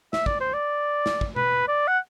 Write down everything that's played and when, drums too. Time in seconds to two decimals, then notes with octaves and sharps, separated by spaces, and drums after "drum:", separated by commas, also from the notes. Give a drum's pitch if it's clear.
0.13 E5, drum: snare
0.26 D5, drum: kick
0.40 C5
0.54 D5
1.06 drum: snare
1.21 drum: kick
1.36 B4, drum: tom B2
1.68 D5
1.88 F#5